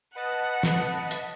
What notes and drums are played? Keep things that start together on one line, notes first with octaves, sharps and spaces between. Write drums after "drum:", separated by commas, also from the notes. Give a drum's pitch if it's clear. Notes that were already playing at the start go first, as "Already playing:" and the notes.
B4 D#5 F#5 A5
drum: snare
drum: hi-hat